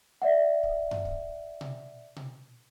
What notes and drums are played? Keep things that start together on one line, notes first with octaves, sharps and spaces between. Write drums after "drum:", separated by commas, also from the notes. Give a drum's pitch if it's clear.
D5 E5 F#5
drum: kick
drum: tom F#2
drum: kick
drum: tom B2
drum: tom B2